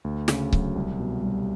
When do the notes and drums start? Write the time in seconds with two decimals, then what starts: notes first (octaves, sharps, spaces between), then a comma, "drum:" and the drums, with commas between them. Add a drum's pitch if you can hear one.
0.04 D2
0.28 C#3, drum: snare
0.53 F#3, drum: kick C#1
0.76 C2
1.00 B2
1.22 G3